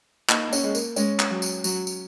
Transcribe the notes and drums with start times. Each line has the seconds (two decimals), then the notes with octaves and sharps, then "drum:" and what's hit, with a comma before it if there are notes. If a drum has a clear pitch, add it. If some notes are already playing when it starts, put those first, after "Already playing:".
0.29 A#3 D#4, drum: clap
0.53 C#4, drum: tambourine
0.64 G#3
0.75 A#3, drum: tambourine
0.96 G#3 C#4, drum: tambourine
1.19 drum: clap
1.30 F#3
1.42 drum: tambourine
1.64 F#3, drum: tambourine
1.87 drum: tambourine